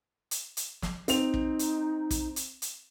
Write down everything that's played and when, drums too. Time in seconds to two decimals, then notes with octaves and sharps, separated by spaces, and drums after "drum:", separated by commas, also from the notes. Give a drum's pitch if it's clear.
0.31 drum: hi-hat
0.57 drum: hi-hat
0.82 drum: snare
1.08 C4 D#4 F7, drum: hi-hat
1.34 drum: kick
1.59 drum: hi-hat
2.11 drum: kick, hi-hat
2.36 drum: hi-hat
2.62 drum: hi-hat